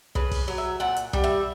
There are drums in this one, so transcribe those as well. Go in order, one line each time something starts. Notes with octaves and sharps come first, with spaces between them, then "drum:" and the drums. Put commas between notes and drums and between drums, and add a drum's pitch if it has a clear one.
C#3 B4, drum: kick
drum: kick, open hi-hat
F#3
E5
A#2 F#5
drum: hi-hat
G3, drum: kick
E5